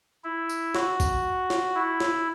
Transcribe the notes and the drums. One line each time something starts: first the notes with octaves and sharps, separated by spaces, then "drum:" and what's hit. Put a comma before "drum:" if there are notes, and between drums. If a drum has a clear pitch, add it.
E4
drum: tambourine
F#4, drum: snare
drum: kick, tambourine
drum: snare
E4
drum: snare